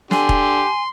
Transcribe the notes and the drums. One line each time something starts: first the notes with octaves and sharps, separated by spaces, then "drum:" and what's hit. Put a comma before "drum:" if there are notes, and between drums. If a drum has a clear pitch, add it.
D3 G4 G#5 C6, drum: snare
drum: kick E1